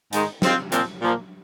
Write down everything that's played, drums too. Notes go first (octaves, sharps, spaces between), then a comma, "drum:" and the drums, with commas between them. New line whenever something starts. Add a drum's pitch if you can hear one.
G#2 D#3 G#3 D#4, drum: hi-hat
D#3 G#3 C4 F4, drum: snare
A#2 F3 C4, drum: hi-hat
A#2 F3 A#3